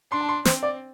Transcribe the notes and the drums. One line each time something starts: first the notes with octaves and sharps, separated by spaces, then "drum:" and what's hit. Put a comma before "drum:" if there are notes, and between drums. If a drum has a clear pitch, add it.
D4 C6
A5
C6
C4 C5, drum: snare
D5